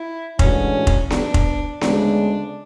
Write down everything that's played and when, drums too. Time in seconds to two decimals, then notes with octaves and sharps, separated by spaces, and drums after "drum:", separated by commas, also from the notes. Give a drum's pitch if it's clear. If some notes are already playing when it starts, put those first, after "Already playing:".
Already playing: E4
0.39 A2 E3 G#3 C#4 D4 F#4, drum: kick F1
0.87 drum: kick F1
1.10 D4, drum: snare B3
1.34 drum: kick F1
1.81 D2 C#3 G#3 D4, drum: snare B3